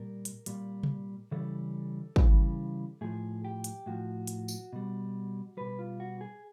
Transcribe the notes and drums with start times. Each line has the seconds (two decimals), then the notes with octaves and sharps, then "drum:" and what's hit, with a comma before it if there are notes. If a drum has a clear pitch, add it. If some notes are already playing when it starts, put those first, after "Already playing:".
Already playing: A#2 G3 A#4
0.25 drum: hi-hat
0.46 A#2 G3, drum: hi-hat
0.83 drum: tom C3
1.31 C#3 E3 G3 A4
2.16 C#3 E3 G3, drum: kick
3.01 A2 F3 G#4
3.45 G4
3.64 drum: hi-hat
3.86 A2 F3 F#4
4.27 drum: hi-hat
4.48 drum: tambourine
4.73 B2 G3
5.57 B2 G3 B4
5.79 F4
6.00 F#4
6.21 G#4